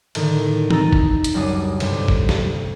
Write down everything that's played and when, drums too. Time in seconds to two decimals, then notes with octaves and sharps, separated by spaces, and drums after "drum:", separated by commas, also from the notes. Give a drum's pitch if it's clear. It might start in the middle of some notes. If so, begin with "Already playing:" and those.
0.15 A2 D3 D#3 A3, drum: cymbal
0.71 D#4 A#5 E6 A6 D#7, drum: tom
0.93 drum: kick
1.24 drum: hi-hat
1.34 C#2 F#2 G3 D4 D#6 D#7
1.80 D2 G2 C3 G3, drum: cymbal
2.08 drum: kick
2.29 drum: snare